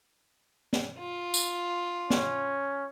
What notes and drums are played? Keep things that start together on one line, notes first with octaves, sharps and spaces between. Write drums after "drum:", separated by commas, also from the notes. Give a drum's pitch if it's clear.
drum: snare
F4
drum: tambourine
C#4, drum: snare